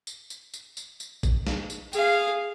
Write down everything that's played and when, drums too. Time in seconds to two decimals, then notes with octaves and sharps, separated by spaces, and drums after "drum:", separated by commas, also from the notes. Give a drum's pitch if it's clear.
0.07 drum: tambourine
0.30 drum: tambourine
0.54 drum: tambourine
0.77 drum: tambourine
1.00 drum: tambourine
1.23 drum: kick A1, tambourine
1.47 drum: snare
1.70 drum: tambourine
1.93 G#4 F5, drum: tambourine